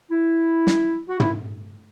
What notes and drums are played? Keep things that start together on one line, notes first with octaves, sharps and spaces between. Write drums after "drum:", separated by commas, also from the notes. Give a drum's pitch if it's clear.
E4
drum: snare
F#4
E4, drum: tom